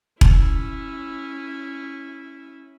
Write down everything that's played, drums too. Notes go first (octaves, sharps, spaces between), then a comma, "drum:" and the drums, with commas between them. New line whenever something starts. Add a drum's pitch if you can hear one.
C#4 E4, drum: kick E1